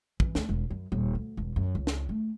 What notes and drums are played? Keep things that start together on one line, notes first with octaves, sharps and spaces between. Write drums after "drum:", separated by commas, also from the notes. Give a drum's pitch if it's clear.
E3, drum: kick
D2, drum: snare
E1
F#2
D#1
D2
E1
F#2
C#2
drum: snare
A3